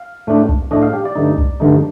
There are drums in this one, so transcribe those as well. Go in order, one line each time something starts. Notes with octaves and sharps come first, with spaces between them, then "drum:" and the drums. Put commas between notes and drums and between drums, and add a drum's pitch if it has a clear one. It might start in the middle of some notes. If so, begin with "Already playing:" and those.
Already playing: F5
A2 A3 D4
drum: kick C2
A2 A3 D4 D#5
F5
G4
D5
G2 D3 A3 D#4
drum: kick C2
G2 D3 A3 D#4